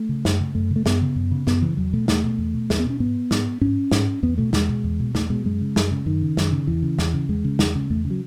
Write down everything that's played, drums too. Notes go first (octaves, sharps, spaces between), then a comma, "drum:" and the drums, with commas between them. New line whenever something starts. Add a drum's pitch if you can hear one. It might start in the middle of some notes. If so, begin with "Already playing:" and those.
Already playing: A3
C#3
F#2, drum: snare
C#3
F#2 A3
C#3
A3
F#2 B3, drum: snare
C#3
F#2
C#3
F#2 B3, drum: snare
C#3 E3
E2 F#3
B2 A3
E2 A3, drum: snare
B2
E2
B2
E2, drum: snare
B3
B2
C#4
G#2 B3
G#2, drum: snare
G#2 C#4
G#2, drum: snare
E2 B3
B2 A3
E2 G#3, drum: snare
B2
E2
B2
E2 A3, drum: snare
B2 G#3
F#2 G#3
C#3
F#2, drum: snare
C#3
F#2 D#3
C#3
F#2, drum: snare
C#3
E2 E3
C#3
E2, drum: snare
C#3
E2 G#3
C#3
E2, drum: snare
C#3
E2 A3
C#3
F#3